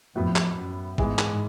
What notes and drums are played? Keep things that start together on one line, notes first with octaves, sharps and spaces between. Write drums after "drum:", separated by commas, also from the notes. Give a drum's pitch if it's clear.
F2 A2 F#3 B3
drum: clap
F#2
G#2 E3 G#3 B3, drum: kick
drum: clap